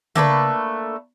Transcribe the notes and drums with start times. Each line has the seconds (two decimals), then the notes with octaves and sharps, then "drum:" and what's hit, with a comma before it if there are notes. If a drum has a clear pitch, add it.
0.15 A3 A#3 D4 B4, drum: tom C#3